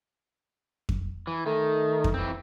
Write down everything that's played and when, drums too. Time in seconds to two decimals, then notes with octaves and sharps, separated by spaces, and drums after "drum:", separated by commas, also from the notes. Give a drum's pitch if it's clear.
0.89 drum: kick F2
1.27 E3
1.47 D#3 A3
2.04 drum: kick F2
2.14 E3 C4